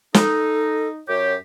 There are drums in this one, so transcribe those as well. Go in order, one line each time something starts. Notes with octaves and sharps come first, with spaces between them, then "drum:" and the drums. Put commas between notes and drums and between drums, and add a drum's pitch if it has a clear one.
D#4 A4, drum: snare
F#2 G4 C#5